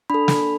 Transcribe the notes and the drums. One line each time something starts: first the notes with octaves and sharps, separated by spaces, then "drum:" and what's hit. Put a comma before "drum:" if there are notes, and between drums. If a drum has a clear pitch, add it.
D4 A4 B5
drum: snare